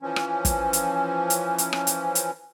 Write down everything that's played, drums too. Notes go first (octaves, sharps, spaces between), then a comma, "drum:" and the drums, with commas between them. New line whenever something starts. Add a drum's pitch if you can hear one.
E3 F3 C#4
drum: rim click
drum: kick, hi-hat
drum: hi-hat
drum: hi-hat
drum: hi-hat
drum: rim click
drum: hi-hat
drum: hi-hat